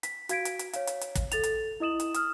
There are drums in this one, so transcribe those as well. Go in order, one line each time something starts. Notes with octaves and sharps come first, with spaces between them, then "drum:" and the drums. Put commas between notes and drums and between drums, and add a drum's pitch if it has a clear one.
B6, drum: hi-hat
F#4 F5 G#6 B6 D7, drum: hi-hat
drum: hi-hat
drum: hi-hat
C#5 F5, drum: hi-hat
drum: hi-hat
drum: hi-hat
drum: kick, hi-hat
A4 A6 F7, drum: hi-hat
drum: hi-hat
E4 D#5 D#6 E7 F#7
drum: hi-hat
D#6 F6, drum: hi-hat